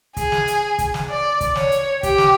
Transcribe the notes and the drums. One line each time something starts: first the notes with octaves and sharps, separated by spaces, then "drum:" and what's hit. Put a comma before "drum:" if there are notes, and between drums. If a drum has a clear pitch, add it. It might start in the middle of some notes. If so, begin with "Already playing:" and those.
G#4, drum: kick, hi-hat
drum: snare
drum: hi-hat
drum: kick, hi-hat
drum: snare
D5
drum: kick, hi-hat
C#5, drum: snare
drum: hi-hat
G4, drum: kick, hi-hat
drum: snare